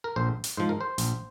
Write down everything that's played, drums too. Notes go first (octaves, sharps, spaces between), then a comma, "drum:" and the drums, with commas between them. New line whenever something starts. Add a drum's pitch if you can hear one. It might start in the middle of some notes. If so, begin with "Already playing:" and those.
A#4
A#1 C5
drum: hi-hat
G#2 F3 C5
A#4
C5
A#1, drum: hi-hat